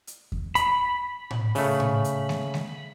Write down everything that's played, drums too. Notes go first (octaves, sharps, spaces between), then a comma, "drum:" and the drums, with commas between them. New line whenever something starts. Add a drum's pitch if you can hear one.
drum: hi-hat
drum: kick E2
B5, drum: hi-hat
drum: tom A2
C#3 A3, drum: open hi-hat
drum: tom A2
drum: hi-hat
drum: snare G#3
drum: snare G#3